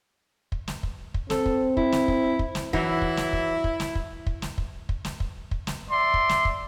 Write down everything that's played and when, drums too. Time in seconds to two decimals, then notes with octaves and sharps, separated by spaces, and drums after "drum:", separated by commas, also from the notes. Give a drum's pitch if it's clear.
0.52 drum: kick
0.68 drum: snare
0.83 drum: kick
1.14 drum: kick
1.30 C4 A4, drum: snare
1.46 drum: kick
1.77 E4, drum: kick
1.92 drum: snare
2.08 drum: kick
2.39 drum: kick
2.55 drum: snare
2.73 E3 F#3 E4, drum: kick
3.02 drum: kick
3.17 drum: snare
3.33 drum: kick
3.64 drum: kick
3.80 drum: snare
3.95 drum: kick
4.27 drum: kick
4.42 drum: snare
4.58 drum: kick
4.89 drum: kick
5.05 drum: snare
5.20 drum: kick
5.51 drum: kick
5.67 drum: snare
5.90 D5 E5 C6
6.14 drum: kick
6.29 drum: snare
6.45 drum: kick